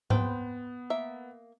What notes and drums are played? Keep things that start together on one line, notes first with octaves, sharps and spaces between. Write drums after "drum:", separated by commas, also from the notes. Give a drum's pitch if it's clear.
B3 B4 C5 G5, drum: tom G#2
A#3 E5